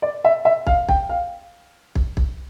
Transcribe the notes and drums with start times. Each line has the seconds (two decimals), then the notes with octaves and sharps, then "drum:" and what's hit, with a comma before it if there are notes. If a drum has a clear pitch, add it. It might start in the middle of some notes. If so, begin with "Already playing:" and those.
0.02 D5
0.25 E5
0.45 E5
0.67 F5, drum: kick
0.89 G5, drum: kick
1.09 F5
1.95 drum: kick
2.17 drum: kick